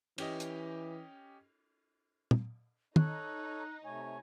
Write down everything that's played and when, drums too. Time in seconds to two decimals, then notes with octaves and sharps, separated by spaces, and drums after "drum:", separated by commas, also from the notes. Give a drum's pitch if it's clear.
0.18 E3 C#4 G4 D#5, drum: cymbal
0.40 drum: hi-hat
2.31 drum: tom
2.96 D#4 A4 C#5 F#6, drum: tom
3.84 C3 A3 C#5 G#5